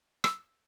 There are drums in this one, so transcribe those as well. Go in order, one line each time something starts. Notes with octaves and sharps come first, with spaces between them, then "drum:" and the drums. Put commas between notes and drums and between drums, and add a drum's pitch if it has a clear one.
E6, drum: rim click